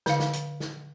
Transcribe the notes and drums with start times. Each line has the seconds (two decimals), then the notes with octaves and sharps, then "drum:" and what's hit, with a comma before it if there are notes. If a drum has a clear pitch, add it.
0.06 D3 F5, drum: snare
0.20 drum: snare
0.33 drum: hi-hat
0.60 drum: snare